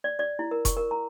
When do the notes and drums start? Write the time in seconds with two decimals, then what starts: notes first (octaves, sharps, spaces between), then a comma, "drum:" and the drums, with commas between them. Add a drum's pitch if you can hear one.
0.04 D5
0.19 D5
0.39 E4
0.51 A#4
0.65 C#6, drum: kick F1, hi-hat
0.77 A#4
0.91 A#5